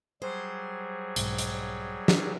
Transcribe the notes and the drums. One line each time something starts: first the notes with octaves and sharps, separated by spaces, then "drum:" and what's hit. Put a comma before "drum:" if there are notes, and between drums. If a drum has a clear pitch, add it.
F#3 G3 G#4 C5
B1 G#2, drum: hi-hat
drum: hi-hat
drum: snare